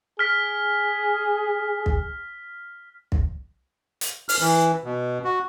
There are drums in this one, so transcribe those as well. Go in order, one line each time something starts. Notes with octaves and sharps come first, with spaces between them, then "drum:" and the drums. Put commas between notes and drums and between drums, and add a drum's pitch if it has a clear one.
G#4 F6 B6
drum: kick
drum: kick
drum: hi-hat
F6, drum: open hi-hat
E3
B2
F#4